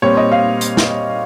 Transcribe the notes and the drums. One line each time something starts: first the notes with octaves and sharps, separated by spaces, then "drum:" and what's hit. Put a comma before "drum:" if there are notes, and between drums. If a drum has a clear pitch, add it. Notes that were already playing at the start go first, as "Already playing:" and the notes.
A#2 G3 C4 C#5
D#5
F5
drum: hi-hat
drum: snare